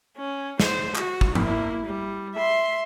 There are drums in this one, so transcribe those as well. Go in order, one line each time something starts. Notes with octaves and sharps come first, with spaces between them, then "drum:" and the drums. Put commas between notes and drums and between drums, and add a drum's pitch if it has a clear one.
C#4
C5, drum: snare
F#4, drum: clap
drum: kick
A#3 E4, drum: tom
G3
E5 C6